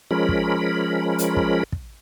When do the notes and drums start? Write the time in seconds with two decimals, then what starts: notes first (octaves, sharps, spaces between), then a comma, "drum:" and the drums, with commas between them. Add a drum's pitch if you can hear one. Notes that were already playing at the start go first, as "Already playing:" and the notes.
0.11 F3 G#3 C#4 A#4 B5
0.29 drum: kick
1.18 drum: hi-hat
1.36 drum: kick
1.72 drum: kick